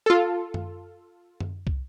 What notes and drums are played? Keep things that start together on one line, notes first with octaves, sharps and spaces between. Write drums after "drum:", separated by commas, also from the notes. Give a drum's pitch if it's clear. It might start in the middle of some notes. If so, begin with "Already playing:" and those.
F4 A4
drum: tom F#2
drum: tom F#2
drum: kick